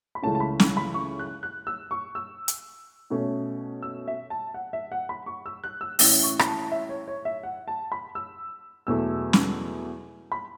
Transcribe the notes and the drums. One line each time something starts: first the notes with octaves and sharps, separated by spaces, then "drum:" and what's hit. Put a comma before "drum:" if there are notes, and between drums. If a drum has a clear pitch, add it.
B5
C#2 C#3 E3 A3 C#4 A5
A5
B5
B5, drum: snare
B5
C#6
F#6
F#6
E6
C#6
E6
drum: hi-hat
B2 A3 C#4
E6
E5
A5
F#5
E5
F#5
B5
C#6
E6
F#6
E6
A2 E3 C#4 E4 E6, drum: open hi-hat
C#6
B5, drum: rim click
A5
E5
C#5
C#5
E5
F#5
A5
B5
E6
E2 B2 F#3 A3 E6
drum: snare
B5